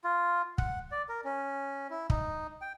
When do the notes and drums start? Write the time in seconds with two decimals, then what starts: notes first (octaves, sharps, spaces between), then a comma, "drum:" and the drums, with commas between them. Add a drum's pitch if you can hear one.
0.04 F4
0.58 F#5, drum: kick
0.91 D5
1.09 A#4
1.25 C#4
1.90 E4
2.10 D#4, drum: kick
2.61 G5